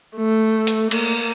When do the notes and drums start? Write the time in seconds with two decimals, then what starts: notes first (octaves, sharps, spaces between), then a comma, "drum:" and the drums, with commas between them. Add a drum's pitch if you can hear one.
0.16 A3
0.67 drum: hi-hat
0.91 A#3, drum: cymbal